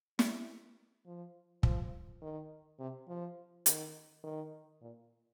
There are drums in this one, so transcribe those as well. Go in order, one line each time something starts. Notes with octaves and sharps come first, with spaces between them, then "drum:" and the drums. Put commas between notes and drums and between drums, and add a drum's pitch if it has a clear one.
G3, drum: snare
F3
F3, drum: kick
D#3
C3
F3
D#3, drum: hi-hat
D#3
A#2